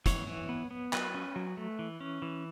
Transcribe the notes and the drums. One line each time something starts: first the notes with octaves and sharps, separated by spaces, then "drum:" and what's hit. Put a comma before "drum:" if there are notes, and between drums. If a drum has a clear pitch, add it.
E3 C#5, drum: kick, hi-hat
E3
B3
B3
F#3 B4, drum: clap
C#4
F#3
A3
E3
C#4
E3